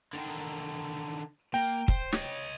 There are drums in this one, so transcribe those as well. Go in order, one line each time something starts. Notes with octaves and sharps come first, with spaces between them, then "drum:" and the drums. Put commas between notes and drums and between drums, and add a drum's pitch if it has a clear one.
D3 D#3
A#3 G5
C5, drum: kick
C#5 D#5, drum: snare